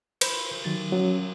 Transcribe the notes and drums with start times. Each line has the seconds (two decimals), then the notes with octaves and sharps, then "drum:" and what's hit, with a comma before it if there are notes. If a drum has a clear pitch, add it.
0.21 B4 C5 B5 G6, drum: cymbal
0.64 D#3 F#3 A6
0.92 F#3 C#4